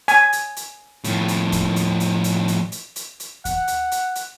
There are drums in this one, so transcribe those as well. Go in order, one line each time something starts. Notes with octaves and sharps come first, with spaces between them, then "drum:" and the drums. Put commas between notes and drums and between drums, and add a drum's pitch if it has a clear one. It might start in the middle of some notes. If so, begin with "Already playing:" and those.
G#5, drum: hi-hat
drum: hi-hat
drum: hi-hat
A2 F3, drum: hi-hat
drum: hi-hat
drum: kick D#2, hi-hat
drum: hi-hat
drum: hi-hat
drum: hi-hat
drum: hi-hat
drum: hi-hat
drum: hi-hat
drum: hi-hat
F#5, drum: kick D#2, hi-hat
drum: hi-hat
drum: hi-hat
drum: hi-hat